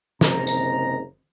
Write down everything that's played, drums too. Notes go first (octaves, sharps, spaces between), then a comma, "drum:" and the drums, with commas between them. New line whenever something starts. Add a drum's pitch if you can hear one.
F#1 C3 D#3 G#3 C5 A#5, drum: snare
drum: tambourine